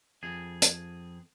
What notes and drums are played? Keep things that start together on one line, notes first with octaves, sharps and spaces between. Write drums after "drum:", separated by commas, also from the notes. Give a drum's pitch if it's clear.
F2 G#4
drum: hi-hat